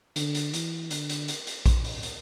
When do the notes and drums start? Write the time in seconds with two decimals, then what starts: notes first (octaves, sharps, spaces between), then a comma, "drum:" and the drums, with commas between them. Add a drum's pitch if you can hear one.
0.16 D3, drum: hi-hat
0.35 drum: hi-hat
0.53 E3, drum: hi-hat
0.91 D3, drum: hi-hat
1.09 drum: hi-hat
1.28 drum: hi-hat
1.47 drum: hi-hat
1.66 drum: kick A#1, hi-hat
1.84 drum: open hi-hat
2.03 drum: hi-hat